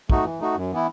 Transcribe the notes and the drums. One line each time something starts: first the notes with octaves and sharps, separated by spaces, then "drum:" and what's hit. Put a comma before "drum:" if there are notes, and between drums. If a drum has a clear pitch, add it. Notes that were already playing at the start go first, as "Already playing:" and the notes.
A3 D#4 F#4, drum: kick
E3
A3 D#4 F#4
F#2
E3 B3 E4